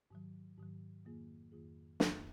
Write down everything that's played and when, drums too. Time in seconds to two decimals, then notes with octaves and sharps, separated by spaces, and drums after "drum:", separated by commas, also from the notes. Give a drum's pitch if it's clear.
0.11 G#2 D#3 F#3
0.58 G#2 D#3 F#3
1.05 F2 D#3 A#3 F4 G#4
1.52 F2 D#3 A#3 F4 G#4
2.00 F2 D#3 A#3 F4 G#4, drum: snare